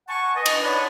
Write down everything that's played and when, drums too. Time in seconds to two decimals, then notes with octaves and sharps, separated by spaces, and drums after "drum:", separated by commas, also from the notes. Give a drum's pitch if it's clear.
0.08 F#5 G#5 A5 C#6
0.36 B4 D#5
0.46 drum: cymbal
0.63 C#5 D5 F#5 A5 B5